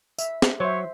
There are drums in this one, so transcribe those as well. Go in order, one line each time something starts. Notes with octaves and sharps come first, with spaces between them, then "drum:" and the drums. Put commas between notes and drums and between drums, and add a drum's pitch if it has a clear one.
E5, drum: tambourine
drum: snare
F#3 C5 C#5 E5